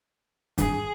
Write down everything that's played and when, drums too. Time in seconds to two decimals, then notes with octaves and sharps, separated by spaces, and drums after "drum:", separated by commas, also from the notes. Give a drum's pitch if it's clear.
0.58 G#1 G2 G#4, drum: kick F1, hi-hat